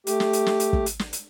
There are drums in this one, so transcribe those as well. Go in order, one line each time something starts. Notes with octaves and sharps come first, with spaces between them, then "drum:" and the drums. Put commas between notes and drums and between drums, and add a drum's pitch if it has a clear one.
A3 G4, drum: hi-hat
drum: snare
drum: hi-hat
drum: snare
drum: hi-hat
drum: kick
drum: hi-hat
drum: snare
drum: hi-hat